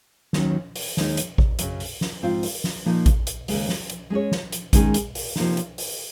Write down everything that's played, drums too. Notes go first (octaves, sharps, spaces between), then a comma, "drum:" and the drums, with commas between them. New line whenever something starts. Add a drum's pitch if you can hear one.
D#2 D#3 F#3 C#4, drum: snare
drum: open hi-hat
D#2 D#3 G#3 D#4, drum: snare
drum: hi-hat
drum: kick A1
F#2 C#3 F#3, drum: hi-hat
drum: open hi-hat
drum: snare
G#2 F3 C4 F4
drum: open hi-hat
drum: snare
A#2 F3 A#3 D#4
drum: kick A1, hi-hat
drum: hi-hat
D#2 C#3 G#3, drum: open hi-hat
drum: snare
drum: hi-hat
G#3 C#4 G#4 C#5
drum: snare
drum: hi-hat
G#2 D#3 G#3 C#4 G#4, drum: kick A1, hi-hat
drum: hi-hat
drum: open hi-hat
C3 F3 A#3 D#4, drum: snare
drum: hi-hat
drum: open hi-hat